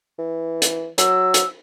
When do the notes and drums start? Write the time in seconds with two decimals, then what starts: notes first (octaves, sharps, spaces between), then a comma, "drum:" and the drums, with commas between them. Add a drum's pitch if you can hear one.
0.18 E3
0.62 drum: hi-hat
0.98 F#3 E6, drum: hi-hat
1.34 drum: hi-hat